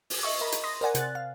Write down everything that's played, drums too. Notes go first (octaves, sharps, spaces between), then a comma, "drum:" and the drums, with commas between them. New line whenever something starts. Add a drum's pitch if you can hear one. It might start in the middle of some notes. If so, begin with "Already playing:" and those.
drum: open hi-hat
D#5 E5 C#6
A#4 D#5 A#5 B5
drum: hi-hat
C6 D#6 A#6
A#4 C5 D5 F#5 G#5
C3 F#6 A6, drum: hi-hat
F5